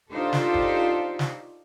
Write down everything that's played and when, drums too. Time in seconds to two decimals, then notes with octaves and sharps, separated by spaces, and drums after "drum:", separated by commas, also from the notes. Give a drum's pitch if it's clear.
0.11 D4 D#4 F4 G4 A4 C5
0.33 drum: snare
0.54 drum: kick
1.19 drum: snare